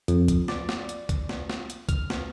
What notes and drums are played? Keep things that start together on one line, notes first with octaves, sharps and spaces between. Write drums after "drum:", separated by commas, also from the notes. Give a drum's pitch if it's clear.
F2, drum: hi-hat
drum: kick C2, hi-hat
D5, drum: snare
drum: snare
drum: hi-hat
drum: kick C2, hi-hat
drum: snare
drum: snare
drum: hi-hat
F6, drum: kick C2, hi-hat
drum: snare